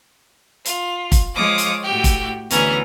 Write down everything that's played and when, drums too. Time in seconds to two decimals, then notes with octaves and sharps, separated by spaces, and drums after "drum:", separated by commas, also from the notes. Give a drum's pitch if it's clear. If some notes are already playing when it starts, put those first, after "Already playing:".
0.65 F4, drum: hi-hat
1.12 drum: kick, hi-hat
1.36 F3 G#3 C#5 F5 D6 D#6
1.58 drum: hi-hat
1.83 A2 F#4 G4 G5
2.04 drum: kick, hi-hat
2.50 D2 E3 B3 C#4 G#4 A#5, drum: hi-hat